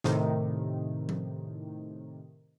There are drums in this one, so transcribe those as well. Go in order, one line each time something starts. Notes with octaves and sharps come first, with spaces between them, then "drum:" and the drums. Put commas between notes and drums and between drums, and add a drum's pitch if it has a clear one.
A2 C3 D#3, drum: snare
drum: tom F3